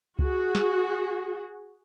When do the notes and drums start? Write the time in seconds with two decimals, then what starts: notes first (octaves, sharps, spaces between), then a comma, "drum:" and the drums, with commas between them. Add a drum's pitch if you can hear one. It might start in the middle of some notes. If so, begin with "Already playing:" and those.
0.19 F#4 G#4, drum: kick C#2
0.55 drum: snare